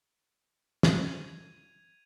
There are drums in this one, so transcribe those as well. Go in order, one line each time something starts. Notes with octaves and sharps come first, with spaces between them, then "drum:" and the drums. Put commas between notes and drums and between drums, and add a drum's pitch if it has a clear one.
drum: snare
G#6 D#7 F7